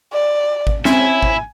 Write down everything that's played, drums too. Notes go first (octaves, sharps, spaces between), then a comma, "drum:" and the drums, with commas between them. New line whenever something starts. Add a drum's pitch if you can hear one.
D5
drum: kick G#1
C4 C#4 E4 E5 G#5, drum: snare
drum: kick G#1